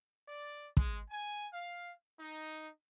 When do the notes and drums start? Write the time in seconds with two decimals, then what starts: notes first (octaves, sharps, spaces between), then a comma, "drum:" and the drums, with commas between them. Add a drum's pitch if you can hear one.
0.27 D5
0.77 G#3, drum: kick
1.10 G#5
1.52 F5
2.19 D#4